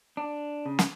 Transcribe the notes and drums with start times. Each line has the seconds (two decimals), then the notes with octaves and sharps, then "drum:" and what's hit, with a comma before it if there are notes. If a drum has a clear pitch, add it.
0.17 D4
0.66 C#3
0.79 drum: snare